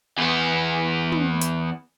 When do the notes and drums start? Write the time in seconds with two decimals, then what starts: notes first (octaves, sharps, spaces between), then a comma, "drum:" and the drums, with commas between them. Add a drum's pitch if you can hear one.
0.18 E2 B3
1.12 drum: tom
1.41 drum: hi-hat